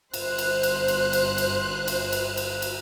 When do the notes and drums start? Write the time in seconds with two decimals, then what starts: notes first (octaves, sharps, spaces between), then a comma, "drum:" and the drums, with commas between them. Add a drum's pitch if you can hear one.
0.14 G1 C5 F#6, drum: cymbal
0.38 drum: cymbal
0.63 drum: cymbal
0.88 drum: cymbal
1.13 drum: cymbal
1.38 drum: cymbal
1.88 drum: cymbal
2.12 drum: cymbal
2.37 drum: cymbal
2.62 drum: cymbal